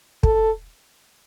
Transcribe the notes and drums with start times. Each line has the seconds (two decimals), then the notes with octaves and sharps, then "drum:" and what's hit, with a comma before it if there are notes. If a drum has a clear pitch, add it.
0.23 A4, drum: kick